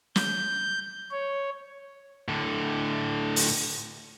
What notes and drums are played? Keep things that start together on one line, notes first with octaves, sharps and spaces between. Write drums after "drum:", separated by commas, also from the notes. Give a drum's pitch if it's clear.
G6, drum: snare
C#5
A2 D3
drum: open hi-hat